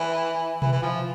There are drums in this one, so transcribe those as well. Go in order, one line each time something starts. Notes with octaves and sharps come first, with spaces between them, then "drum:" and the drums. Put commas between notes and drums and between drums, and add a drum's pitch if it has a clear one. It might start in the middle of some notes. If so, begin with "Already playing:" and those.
Already playing: E3
E3, drum: tom B2
E3
F3